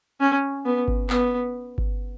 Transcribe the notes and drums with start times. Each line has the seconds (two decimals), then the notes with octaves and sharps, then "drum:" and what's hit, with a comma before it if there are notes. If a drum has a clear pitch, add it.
0.21 C#4
0.66 B3
0.88 drum: kick G1
1.10 B3, drum: clap
1.78 drum: kick G1